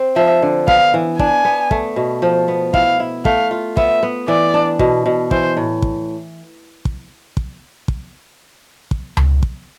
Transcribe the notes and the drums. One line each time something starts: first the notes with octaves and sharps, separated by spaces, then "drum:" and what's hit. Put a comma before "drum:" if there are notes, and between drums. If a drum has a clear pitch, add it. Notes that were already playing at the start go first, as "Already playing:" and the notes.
Already playing: C4
F3 E5
D3
B3 F5, drum: kick
E3
D4 G#5, drum: kick
B3
A3, drum: kick
B2
F3
B3
E4 F5, drum: kick
E4
A3 F5, drum: kick
F4
B3 E5, drum: kick
B3
E3 D5
D4
B2, drum: kick
B2
E3 C5, drum: kick
A2
drum: kick
drum: kick
drum: kick
drum: kick
drum: kick
drum: tom C#2
drum: kick